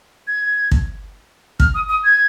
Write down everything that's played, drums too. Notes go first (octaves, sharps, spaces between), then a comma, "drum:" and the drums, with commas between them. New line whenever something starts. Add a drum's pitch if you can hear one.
G#6
drum: kick
F6, drum: kick
D#6
D#6
G#6